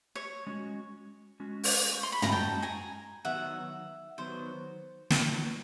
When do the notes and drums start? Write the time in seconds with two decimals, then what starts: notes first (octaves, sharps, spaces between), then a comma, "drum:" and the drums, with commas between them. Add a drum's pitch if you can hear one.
0.15 C#5
0.47 G#3 C#4 F#4
1.40 G#3 C#4 F#4
1.64 drum: open hi-hat
1.92 C#6
2.03 C6
2.12 B5
2.22 A#5, drum: tom
2.32 G#3 C#4 F#4 G5 A5
2.62 G#5 A#5
3.25 D#3 F#3 B3 E5 F#5
4.18 D#3 F#3 B3 C5
5.10 D#3 F#3 B3, drum: snare